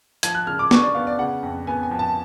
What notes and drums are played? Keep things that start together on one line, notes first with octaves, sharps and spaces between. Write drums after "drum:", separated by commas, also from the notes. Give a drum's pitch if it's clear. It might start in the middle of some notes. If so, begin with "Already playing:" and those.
F3 G#6, drum: hi-hat
F#6
C#3 F6
D6
D4 C#6, drum: snare
D5
B3 F5
D5
C#3 F#5
F2
B3 G#5
G#5
F3
A5